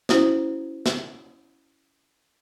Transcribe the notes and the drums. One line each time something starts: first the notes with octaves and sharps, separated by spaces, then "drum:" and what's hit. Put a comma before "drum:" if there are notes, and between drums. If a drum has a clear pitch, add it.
C#4 E4 F#4 C5, drum: snare
drum: snare